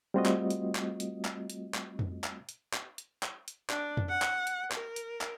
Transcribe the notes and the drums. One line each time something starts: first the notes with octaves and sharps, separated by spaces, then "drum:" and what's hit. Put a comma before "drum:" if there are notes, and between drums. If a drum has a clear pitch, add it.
G3 A3 C4 F4 F#4 D#5
drum: clap
drum: hi-hat
drum: clap
drum: hi-hat
drum: clap
drum: hi-hat
drum: clap
drum: tom F2
drum: clap
drum: hi-hat
drum: clap
drum: hi-hat
drum: clap
drum: hi-hat
D4, drum: clap
drum: tom F2
F#5
drum: clap
drum: hi-hat
A#4, drum: clap
drum: hi-hat
drum: clap